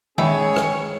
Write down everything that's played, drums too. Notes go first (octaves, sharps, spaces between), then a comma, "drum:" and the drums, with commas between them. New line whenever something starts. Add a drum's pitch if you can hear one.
D#3 G#3 C#4 G#4 C#5 E5 B5, drum: tom D#3
drum: rim click